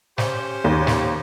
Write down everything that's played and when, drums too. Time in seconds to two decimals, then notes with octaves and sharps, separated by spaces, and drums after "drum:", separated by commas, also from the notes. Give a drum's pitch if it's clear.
0.18 C#4 G4 C5, drum: snare
0.64 D#2
0.87 drum: snare